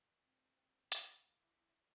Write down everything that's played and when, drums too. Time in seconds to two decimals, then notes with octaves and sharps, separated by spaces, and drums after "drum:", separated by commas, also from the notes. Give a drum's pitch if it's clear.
0.22 C4 G5
0.92 F5 A#5, drum: hi-hat
1.37 E4 E5 C6 D6 A#6 B6